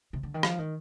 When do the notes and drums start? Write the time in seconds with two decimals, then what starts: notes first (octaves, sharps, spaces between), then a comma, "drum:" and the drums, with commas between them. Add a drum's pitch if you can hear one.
0.13 C3
0.23 D3
0.34 D#3
0.43 F3, drum: rim click
0.59 D#3